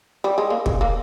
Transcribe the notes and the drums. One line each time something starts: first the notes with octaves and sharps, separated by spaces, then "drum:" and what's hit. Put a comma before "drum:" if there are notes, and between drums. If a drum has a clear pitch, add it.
G3
G#3
A#3
G#3, drum: kick
A#3